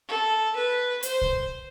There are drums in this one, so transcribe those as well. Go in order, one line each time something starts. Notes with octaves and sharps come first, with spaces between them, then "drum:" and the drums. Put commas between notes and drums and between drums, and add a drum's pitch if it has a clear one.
A4
B4
C5, drum: hi-hat
drum: kick